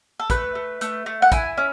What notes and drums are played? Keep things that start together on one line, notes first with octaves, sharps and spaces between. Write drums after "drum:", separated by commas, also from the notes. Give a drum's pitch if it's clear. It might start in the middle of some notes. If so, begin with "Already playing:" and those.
A4
A3 B4, drum: kick, hi-hat
A3
A3, drum: hi-hat
A3
F#5
E4 G#5, drum: kick, hi-hat
C#4